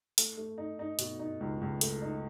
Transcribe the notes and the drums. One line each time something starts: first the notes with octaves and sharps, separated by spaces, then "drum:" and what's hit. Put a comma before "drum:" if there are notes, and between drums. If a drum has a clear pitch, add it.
A3, drum: hi-hat
A3
D#4
D#4
B2, drum: hi-hat
D#4
C#2
C#2
A3, drum: hi-hat
D#4